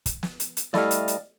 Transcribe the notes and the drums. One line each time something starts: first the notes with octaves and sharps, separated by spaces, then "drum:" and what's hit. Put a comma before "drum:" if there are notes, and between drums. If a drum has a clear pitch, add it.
drum: kick, hi-hat
drum: snare
drum: hi-hat
drum: hi-hat
G3 A3 E4 D5 D#5 F5, drum: snare
drum: hi-hat
drum: hi-hat